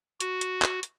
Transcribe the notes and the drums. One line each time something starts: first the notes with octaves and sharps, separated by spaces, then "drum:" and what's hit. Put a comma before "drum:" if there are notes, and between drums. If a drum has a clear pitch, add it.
F#4, drum: hi-hat
drum: hi-hat
drum: clap
drum: hi-hat